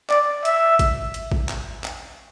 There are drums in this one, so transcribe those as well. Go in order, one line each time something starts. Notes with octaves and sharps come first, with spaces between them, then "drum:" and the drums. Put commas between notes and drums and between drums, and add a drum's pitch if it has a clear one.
D5, drum: clap
E5, drum: hi-hat
drum: kick A1, hi-hat
drum: hi-hat
drum: kick A1
drum: clap
drum: clap